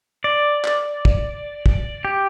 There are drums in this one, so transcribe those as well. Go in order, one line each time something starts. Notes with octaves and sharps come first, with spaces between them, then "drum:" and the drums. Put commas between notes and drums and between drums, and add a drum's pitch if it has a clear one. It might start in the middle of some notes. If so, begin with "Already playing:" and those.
D5
drum: clap
drum: kick
drum: kick
G4